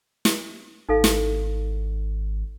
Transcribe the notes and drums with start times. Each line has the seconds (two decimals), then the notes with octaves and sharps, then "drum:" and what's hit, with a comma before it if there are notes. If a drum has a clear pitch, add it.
0.25 drum: snare
0.89 G#1 D#4 A4 F5
1.04 drum: snare